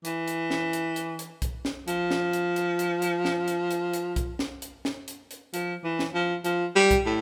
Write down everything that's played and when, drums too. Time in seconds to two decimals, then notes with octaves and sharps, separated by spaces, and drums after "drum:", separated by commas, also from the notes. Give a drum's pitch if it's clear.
0.05 E3, drum: hi-hat
0.28 drum: hi-hat
0.50 drum: snare
0.73 drum: hi-hat
0.96 drum: hi-hat
1.19 drum: hi-hat
1.42 drum: kick B1, hi-hat
1.65 drum: snare
1.88 F3, drum: hi-hat
2.11 drum: snare
2.33 drum: hi-hat
2.56 drum: hi-hat
2.79 drum: hi-hat
3.02 drum: hi-hat
3.25 drum: snare
3.48 drum: hi-hat
3.71 drum: hi-hat
3.93 drum: hi-hat
4.16 drum: kick B1, hi-hat
4.39 drum: snare
4.62 drum: hi-hat
4.85 drum: snare
5.08 drum: hi-hat
5.31 drum: hi-hat
5.54 F3, drum: hi-hat
5.84 E3
5.99 drum: snare
6.14 F3
6.45 F3, drum: hi-hat
6.76 G3
6.91 drum: kick B1, hi-hat
7.06 A2